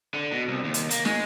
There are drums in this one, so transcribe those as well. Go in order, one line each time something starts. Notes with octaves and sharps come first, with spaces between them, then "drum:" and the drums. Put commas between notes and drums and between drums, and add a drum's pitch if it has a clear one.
D3
B2
C2
D#2
drum: hi-hat
A#3, drum: hi-hat
G#3, drum: snare